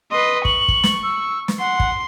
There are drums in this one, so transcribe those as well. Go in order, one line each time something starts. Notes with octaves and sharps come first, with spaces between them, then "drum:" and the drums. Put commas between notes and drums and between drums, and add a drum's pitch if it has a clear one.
B4 D#5 C6
C#6 F#7, drum: kick
drum: kick
drum: snare
E6
drum: snare
F#5 C6
drum: kick